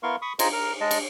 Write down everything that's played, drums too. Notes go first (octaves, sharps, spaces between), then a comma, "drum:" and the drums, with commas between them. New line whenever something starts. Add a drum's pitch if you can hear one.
B3 E4 A#4 F5 C6 C#6
B5 C#6 D#6
D#4 F4 G#4 C5 D#5, drum: cymbal
A#4 F6
G#3 D#5 A5
drum: cymbal